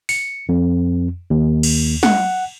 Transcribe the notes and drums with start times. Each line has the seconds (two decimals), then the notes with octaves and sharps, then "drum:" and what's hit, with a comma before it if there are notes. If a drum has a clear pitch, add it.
0.09 C#7, drum: open hi-hat
0.49 F2
1.30 D#2
1.63 drum: cymbal
2.03 F#5, drum: snare